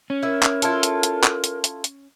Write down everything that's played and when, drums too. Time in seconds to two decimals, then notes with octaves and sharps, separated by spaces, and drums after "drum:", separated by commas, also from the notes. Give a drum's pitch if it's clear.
0.10 C#4
0.23 E4 A#4 E5
0.43 drum: clap
0.62 E4 F4 A4, drum: hi-hat
0.83 drum: hi-hat
1.03 drum: hi-hat
1.24 drum: clap
1.44 drum: hi-hat
1.64 drum: hi-hat
1.84 drum: hi-hat